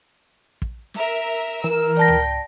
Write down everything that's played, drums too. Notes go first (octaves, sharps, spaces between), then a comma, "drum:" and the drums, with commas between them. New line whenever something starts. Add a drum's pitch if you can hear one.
drum: kick
A#4 E5, drum: snare
E3 A#4 E6
D5 G5 A5 A#6
drum: tom C#2